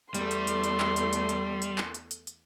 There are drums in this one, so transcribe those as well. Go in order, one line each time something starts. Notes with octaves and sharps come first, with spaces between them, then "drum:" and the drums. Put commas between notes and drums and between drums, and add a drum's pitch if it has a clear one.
E2 G3 A3 C6, drum: hi-hat
drum: hi-hat
drum: hi-hat
drum: hi-hat
drum: clap
drum: hi-hat
drum: hi-hat
drum: hi-hat
drum: hi-hat
drum: clap
drum: hi-hat
drum: hi-hat
drum: hi-hat